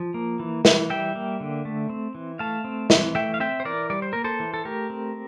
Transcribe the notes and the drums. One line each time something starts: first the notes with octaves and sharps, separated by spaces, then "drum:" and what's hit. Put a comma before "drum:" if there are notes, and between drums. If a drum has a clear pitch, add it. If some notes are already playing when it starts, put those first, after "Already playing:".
Already playing: F3
A#3
E3
E3, drum: snare
G3 E5 G5
A#3
D3
A3
C4
E3
A3 F5 A5
C4
E3, drum: snare
A3 E5 G5
F5
C4 E5 G5
C5
E3 A#4 D5
G3 D5
C5
A#3 A#4
A4 C5
E3
A4
A3 G4 A#4
C4